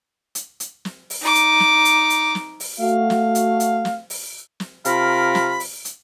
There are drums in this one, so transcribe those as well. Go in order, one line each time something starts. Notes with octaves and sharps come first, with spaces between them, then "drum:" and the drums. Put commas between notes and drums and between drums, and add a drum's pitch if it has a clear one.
drum: hi-hat
drum: hi-hat
drum: snare
drum: open hi-hat
D#4 D6
drum: hi-hat
drum: snare
drum: hi-hat
drum: hi-hat
drum: snare
drum: open hi-hat
A3 F#4 F5
drum: snare
drum: hi-hat
drum: hi-hat
drum: snare
drum: open hi-hat
drum: snare
C3 F4 A#4 F5 B5, drum: hi-hat
drum: snare
drum: open hi-hat
drum: hi-hat